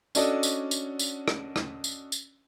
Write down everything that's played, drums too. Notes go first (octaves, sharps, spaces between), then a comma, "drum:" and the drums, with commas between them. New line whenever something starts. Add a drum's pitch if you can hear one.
C#4 D4 F#4 A4 D5 D#5, drum: tambourine
drum: tambourine
drum: tambourine
drum: tambourine
drum: rim click
drum: rim click
drum: tambourine
drum: tambourine